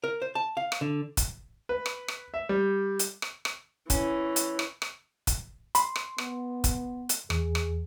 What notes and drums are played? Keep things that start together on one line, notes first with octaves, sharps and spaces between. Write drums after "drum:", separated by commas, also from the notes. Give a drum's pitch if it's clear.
A#4
C5
A5
F5
drum: rim click
D3
drum: kick, hi-hat
B4
drum: rim click
drum: rim click
E5
G3
drum: hi-hat
drum: rim click
drum: rim click
E3 C#4, drum: kick, hi-hat
drum: hi-hat
drum: rim click
drum: rim click
drum: kick, hi-hat
B5 C6, drum: hi-hat
drum: rim click
B3, drum: rim click
drum: kick, hi-hat
drum: hi-hat
E2 G#4, drum: rim click
drum: rim click